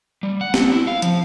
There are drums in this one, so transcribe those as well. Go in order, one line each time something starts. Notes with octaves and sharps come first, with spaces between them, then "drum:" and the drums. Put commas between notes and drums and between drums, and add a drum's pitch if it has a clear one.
G3
F#5
C4, drum: snare
E4
F5
F3, drum: hi-hat